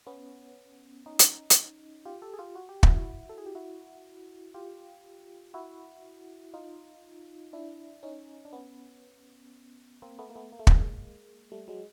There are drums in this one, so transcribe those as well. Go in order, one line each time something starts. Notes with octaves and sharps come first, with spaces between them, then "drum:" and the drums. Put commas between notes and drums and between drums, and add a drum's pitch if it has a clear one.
B3 C#4
C#4 D#4
drum: hi-hat
drum: hi-hat
F4 G4
G4 A4
G#4
F4 G4
F#4
G4
E4 F#4, drum: kick
A4
G#4
G4
E4 F#4
F4 G4
E4 F#4
D#4 F4
D4 E4
C#4 D#4
D4
B3 C#4
A#3 C4
A3 B3
A#3
A3 B3
A#3
A3
G#3 A#3, drum: kick
G3 A3
F#3 G#3